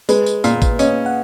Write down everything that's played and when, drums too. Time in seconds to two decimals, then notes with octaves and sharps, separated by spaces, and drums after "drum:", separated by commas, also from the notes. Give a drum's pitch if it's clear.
0.09 G#3 B4, drum: tambourine
0.26 drum: tambourine
0.44 A#2 F5, drum: tambourine
0.62 drum: kick, tambourine
0.79 C#4 D#5, drum: tambourine
1.06 F#5